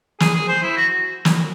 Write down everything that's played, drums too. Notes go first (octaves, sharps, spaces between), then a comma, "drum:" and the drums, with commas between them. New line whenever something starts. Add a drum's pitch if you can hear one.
G#4, drum: snare
G#4
C5
E4
F#4
drum: snare